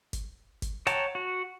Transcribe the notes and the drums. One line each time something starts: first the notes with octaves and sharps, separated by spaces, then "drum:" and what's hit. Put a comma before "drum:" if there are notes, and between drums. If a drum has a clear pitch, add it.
drum: kick G#1, hi-hat
drum: kick G#1, hi-hat
C#5 F#5 G5 A5 A#5, drum: hi-hat
F#4